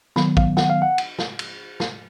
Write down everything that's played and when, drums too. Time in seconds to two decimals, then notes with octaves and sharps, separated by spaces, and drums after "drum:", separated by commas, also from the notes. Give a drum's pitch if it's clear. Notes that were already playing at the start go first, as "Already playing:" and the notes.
0.16 D#3 F#3 B3 B5, drum: snare
0.37 F5, drum: kick
0.57 F#5, drum: snare
0.70 F5
0.82 F#5
0.98 drum: cymbal
1.19 drum: snare
1.39 drum: cymbal
1.80 drum: snare